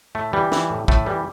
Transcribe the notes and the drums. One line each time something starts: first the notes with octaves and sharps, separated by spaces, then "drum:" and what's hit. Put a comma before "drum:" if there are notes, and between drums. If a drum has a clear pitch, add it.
A2 A3
E3 G3
E3, drum: snare
A2
A2 A3, drum: kick
E3 G3